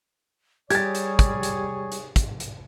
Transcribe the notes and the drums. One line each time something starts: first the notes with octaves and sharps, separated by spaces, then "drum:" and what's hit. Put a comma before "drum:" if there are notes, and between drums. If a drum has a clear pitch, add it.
G3 G4 G#4 C#5 G#6 A6, drum: hi-hat
drum: hi-hat
drum: kick, hi-hat
drum: hi-hat
drum: hi-hat
drum: kick, hi-hat
drum: hi-hat